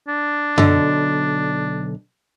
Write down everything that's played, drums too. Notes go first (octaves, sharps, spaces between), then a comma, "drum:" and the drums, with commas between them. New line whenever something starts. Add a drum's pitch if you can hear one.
D4
B1 D3, drum: tom F#2